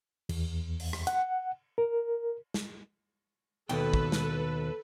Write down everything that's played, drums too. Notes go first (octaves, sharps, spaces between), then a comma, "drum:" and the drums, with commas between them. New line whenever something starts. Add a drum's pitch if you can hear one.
E2, drum: cymbal
drum: open hi-hat
drum: rim click
F#5, drum: hi-hat
A#4
drum: snare
D#2 B2 A4 B4 G5, drum: cymbal
drum: kick
drum: snare